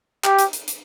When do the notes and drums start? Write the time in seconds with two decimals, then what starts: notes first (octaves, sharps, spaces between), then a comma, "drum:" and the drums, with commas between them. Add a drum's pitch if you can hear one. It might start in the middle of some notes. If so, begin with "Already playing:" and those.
0.24 G4, drum: clap
0.39 drum: hi-hat
0.53 drum: hi-hat
0.68 drum: hi-hat